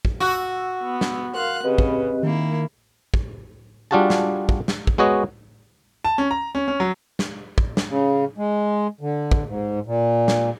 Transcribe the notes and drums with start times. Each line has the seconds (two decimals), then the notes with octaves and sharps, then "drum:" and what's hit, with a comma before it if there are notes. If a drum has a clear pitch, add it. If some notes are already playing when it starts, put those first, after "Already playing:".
0.05 drum: kick
0.20 F#4 E6
0.83 B3
1.01 drum: snare
1.34 A#4 F5 C6 F#6
1.64 C#3 C4 G4 B4 D#5
1.78 drum: kick
2.23 D#3 A#3 E4
3.14 drum: kick
3.91 G3 D4 F4 F#4 G#4 A5
4.10 drum: snare
4.49 drum: kick
4.68 drum: snare
4.87 drum: kick
4.98 G#3 B3 F#4 C#5 D#5
6.04 A5
6.18 C#4
6.31 A#5
6.55 C#4
6.68 C#4
6.80 F#3
7.19 drum: snare
7.58 drum: kick
7.77 drum: snare
7.90 C#3
8.38 G#3
9.01 D3
9.31 drum: kick
9.46 G#2
9.86 A#2
10.28 drum: snare